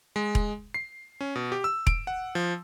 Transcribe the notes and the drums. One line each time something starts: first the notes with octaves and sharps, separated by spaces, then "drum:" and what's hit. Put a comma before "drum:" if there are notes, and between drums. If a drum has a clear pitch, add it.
G#3
drum: kick E1
C7
C#4
B2
G4
E6
D7, drum: kick E1
F#5
F3